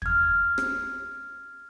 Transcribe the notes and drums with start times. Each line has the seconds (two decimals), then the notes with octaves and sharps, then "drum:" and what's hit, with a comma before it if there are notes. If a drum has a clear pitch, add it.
0.02 F6 G#6, drum: kick
0.58 drum: rim click